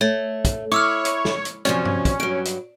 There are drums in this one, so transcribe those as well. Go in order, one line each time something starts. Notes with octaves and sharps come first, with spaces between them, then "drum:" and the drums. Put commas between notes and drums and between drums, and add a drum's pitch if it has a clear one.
A3 C#5 A6
drum: kick, hi-hat
E4 C#5 D6 E6 F6
drum: hi-hat
drum: snare
drum: hi-hat
F#2 C3 F3 C#4 D5, drum: hi-hat
drum: tom G2
drum: kick, hi-hat
G2 F#3 D7
drum: hi-hat